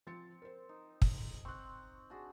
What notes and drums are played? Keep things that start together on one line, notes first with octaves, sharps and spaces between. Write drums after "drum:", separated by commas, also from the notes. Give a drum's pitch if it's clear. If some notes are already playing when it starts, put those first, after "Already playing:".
F3 C4 A6 C#7
A#4 C5
D#4
drum: kick
C4 C#6 F#6
D4 F#4 G#4